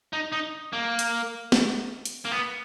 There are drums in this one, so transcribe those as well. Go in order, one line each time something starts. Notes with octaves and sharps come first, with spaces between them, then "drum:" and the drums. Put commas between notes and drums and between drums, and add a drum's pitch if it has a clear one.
D#4
D#4
A#3
drum: hi-hat
drum: snare
drum: hi-hat
A#3
B3